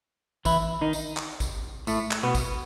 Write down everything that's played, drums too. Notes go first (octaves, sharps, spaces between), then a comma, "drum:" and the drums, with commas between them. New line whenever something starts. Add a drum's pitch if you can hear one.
E3 E4, drum: kick A1, tambourine
D#3 D#4
drum: tambourine
drum: clap
drum: kick A1, tambourine
A2 A3, drum: tambourine
drum: clap
B2 B3
drum: kick A1, tambourine